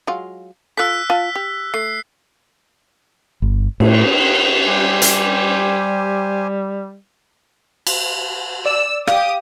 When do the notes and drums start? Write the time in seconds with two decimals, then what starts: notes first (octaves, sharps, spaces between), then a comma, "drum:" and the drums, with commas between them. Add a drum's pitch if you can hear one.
0.07 F#3 G#3 F4
0.77 F4 A4 E6 F#6 B6
1.10 F4 A5
1.35 G4
1.74 A3 C7
3.42 G1
3.80 A2, drum: cymbal
4.66 G3 G4 C5 G#5
5.02 drum: hi-hat
7.87 drum: cymbal
8.66 D5 E6
9.07 G4 F5 D#6, drum: rim click